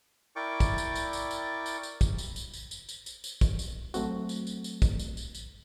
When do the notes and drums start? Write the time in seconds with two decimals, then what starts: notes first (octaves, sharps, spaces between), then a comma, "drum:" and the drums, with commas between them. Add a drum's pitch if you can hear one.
0.36 E4 A#4 D5 G5 C#6 D6
0.60 drum: kick, tambourine
0.78 drum: tambourine
0.96 drum: tambourine
1.13 drum: tambourine
1.31 drum: tambourine
1.66 drum: tambourine
1.83 drum: tambourine
2.01 drum: kick, tambourine
2.18 drum: tambourine
2.36 drum: tambourine
2.54 drum: tambourine
2.71 drum: tambourine
2.89 drum: tambourine
3.06 drum: tambourine
3.24 drum: tambourine
3.41 drum: kick, tambourine
3.59 drum: tambourine
3.94 F#3 A3 C4 F#4, drum: tambourine
4.29 drum: tambourine
4.47 drum: tambourine
4.64 drum: tambourine
4.82 drum: kick, tambourine
4.99 drum: tambourine
5.17 drum: tambourine
5.35 drum: tambourine